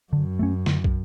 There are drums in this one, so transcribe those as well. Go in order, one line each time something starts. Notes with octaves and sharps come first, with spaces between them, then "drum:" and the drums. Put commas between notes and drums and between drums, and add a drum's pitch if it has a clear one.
F#2 D3
A3 C#4
D3, drum: snare
drum: kick